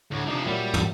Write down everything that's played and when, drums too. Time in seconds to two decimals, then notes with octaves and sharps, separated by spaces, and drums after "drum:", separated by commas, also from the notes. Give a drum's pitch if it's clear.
0.11 D2 A2
0.27 C3 F3 D4 D#4
0.46 A#2 F#3 G3 E4
0.74 drum: tom